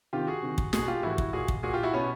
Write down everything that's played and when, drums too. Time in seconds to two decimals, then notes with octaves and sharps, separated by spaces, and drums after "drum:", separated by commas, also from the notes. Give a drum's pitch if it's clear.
0.13 C3 D#3 F4 G4
0.27 F#4 G#4
0.43 C3 D#3
0.58 drum: kick
0.73 B2 F#4 G#4, drum: snare
0.88 F4 G4
1.03 A2 E3 E4 F#4
1.18 drum: kick
1.33 A#2 F#4 G#4
1.48 drum: kick
1.63 A#2 F#4 G#4
1.73 F4 G4
1.83 E4 F#4
1.93 B2 B3 C#4